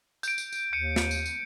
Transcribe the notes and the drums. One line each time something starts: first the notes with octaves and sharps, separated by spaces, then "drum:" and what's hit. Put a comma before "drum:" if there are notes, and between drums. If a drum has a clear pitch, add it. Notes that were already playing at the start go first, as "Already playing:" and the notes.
G6 D7, drum: tambourine
drum: tambourine
drum: tambourine
D#2 G6 C#7 D#7
drum: snare
drum: tambourine
drum: tambourine